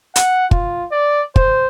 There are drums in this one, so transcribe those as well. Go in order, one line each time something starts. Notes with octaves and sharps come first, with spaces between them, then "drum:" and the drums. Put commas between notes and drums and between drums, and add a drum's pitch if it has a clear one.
F#5, drum: hi-hat
F4, drum: kick
D5
C5, drum: kick